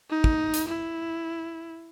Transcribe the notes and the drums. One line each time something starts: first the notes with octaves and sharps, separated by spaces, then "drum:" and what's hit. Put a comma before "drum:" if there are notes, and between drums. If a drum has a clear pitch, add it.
D#4
drum: kick
drum: hi-hat
E4